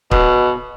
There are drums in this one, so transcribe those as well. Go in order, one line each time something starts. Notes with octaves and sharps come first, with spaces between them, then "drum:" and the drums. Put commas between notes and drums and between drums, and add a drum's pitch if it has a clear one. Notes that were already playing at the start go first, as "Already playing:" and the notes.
B2, drum: kick C#1